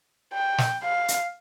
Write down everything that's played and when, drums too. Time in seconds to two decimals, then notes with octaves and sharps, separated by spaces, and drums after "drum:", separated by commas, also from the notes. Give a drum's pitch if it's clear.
0.34 G5
0.58 drum: snare
0.83 F5
1.08 drum: hi-hat